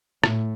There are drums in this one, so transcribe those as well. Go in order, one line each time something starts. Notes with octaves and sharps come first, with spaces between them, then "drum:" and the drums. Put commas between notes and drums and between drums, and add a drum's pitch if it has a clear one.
A2, drum: rim click